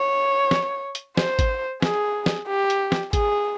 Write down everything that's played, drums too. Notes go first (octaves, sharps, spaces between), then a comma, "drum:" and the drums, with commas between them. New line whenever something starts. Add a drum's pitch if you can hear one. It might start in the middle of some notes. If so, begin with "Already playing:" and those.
Already playing: C#5
drum: snare
drum: hi-hat
C5, drum: snare
drum: kick G#1, hi-hat
G#4, drum: snare
drum: snare
G4
drum: hi-hat
drum: snare
G#4, drum: kick G#1, hi-hat